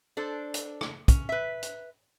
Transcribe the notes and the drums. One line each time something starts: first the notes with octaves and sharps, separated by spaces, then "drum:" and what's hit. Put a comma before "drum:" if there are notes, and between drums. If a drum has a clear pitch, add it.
D4 A4 C5
drum: hi-hat
drum: rim click
C#4, drum: kick, hi-hat
B4 E5
drum: hi-hat